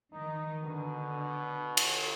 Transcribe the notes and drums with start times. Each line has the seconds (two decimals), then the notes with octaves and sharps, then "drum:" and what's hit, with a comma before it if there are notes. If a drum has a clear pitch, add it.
0.13 D#3 D#4
0.63 B2 D3
1.77 drum: cymbal